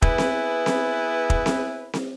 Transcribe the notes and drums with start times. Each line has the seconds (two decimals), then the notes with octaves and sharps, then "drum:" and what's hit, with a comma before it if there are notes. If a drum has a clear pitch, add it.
0.02 B3 E4 G#4 B4, drum: kick
0.18 drum: snare C4
0.66 drum: snare C4
1.30 drum: kick
1.46 drum: snare C4
1.94 drum: snare C4